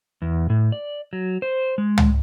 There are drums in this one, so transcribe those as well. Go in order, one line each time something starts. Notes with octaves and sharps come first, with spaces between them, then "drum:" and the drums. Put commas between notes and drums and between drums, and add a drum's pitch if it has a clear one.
E2
A2
D5
F#3
C5
G#3
drum: tom C#2